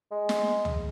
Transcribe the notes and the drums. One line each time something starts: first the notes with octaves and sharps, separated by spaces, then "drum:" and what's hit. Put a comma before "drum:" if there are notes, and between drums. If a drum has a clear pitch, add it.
G#3
drum: snare
drum: tom